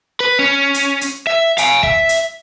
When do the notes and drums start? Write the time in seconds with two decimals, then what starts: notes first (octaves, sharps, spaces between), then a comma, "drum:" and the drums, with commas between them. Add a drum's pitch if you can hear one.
0.20 B4
0.39 C#4
0.74 drum: hi-hat
1.01 drum: hi-hat
1.27 E5
1.58 F5 G#5, drum: hi-hat
1.83 E5, drum: kick
2.09 drum: hi-hat